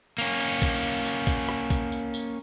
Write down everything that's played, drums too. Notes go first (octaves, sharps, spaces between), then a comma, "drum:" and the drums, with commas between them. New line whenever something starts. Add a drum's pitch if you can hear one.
A#3 C#4, drum: tambourine
drum: tambourine
drum: kick, tambourine
drum: tambourine
drum: tambourine
drum: kick, tambourine
drum: rim click
drum: kick, tambourine
drum: tambourine
drum: tambourine